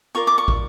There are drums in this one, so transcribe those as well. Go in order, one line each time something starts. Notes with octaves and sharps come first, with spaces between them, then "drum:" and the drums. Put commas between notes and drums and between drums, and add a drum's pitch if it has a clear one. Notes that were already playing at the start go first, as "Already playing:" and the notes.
F4 A#4 D5 C#6
D6
C#6
drum: kick